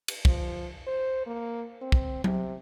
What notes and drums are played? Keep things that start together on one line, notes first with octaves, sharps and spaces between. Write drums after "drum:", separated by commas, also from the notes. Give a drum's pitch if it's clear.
drum: cymbal
F3, drum: kick
C5
A#3
C4
drum: kick
C3, drum: tom F#3